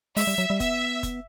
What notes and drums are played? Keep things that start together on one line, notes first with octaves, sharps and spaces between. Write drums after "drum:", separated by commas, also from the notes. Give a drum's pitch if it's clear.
G#3 E5, drum: open hi-hat
G3
F#3
G3
B3 E5, drum: kick F1, hi-hat
drum: kick F1, hi-hat